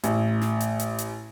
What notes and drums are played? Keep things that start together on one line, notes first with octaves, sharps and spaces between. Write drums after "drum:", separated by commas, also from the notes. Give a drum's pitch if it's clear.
A1, drum: hi-hat
drum: snare
drum: hi-hat
drum: hi-hat
drum: hi-hat